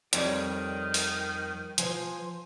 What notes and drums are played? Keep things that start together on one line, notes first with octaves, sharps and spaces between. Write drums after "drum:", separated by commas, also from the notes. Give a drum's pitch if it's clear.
F2 D#3 G3 C#5 D5, drum: hi-hat
drum: open hi-hat
F3 C5 G#5, drum: hi-hat